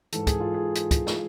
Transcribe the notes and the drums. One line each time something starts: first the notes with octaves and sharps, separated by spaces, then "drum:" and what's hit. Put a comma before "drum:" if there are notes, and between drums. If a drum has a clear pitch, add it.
G#2 E3 A4, drum: hi-hat
G#4, drum: kick, hi-hat
F4
G#4
drum: hi-hat
drum: kick, hi-hat
drum: snare